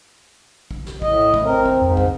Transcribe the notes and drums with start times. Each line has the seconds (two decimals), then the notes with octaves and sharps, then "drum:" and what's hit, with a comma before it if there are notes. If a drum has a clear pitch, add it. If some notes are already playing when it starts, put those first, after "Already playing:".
0.71 drum: kick
0.86 drum: snare
1.02 A2 D#5, drum: kick
1.34 drum: kick
1.44 C4 A#4
1.66 drum: kick
1.81 F2 G#2
1.97 drum: kick